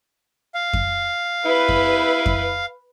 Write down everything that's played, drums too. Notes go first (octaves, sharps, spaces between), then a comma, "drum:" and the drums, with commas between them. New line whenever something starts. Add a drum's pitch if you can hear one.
F5
drum: kick F2
E4 B4
drum: kick F2
drum: kick F2